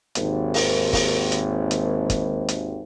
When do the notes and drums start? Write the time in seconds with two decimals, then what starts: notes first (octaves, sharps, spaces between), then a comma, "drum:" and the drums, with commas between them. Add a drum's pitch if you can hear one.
0.15 G#1 D#2, drum: hi-hat
0.54 drum: open hi-hat
0.93 drum: kick, open hi-hat
1.32 drum: hi-hat
1.71 drum: hi-hat
2.10 drum: kick, hi-hat
2.48 drum: hi-hat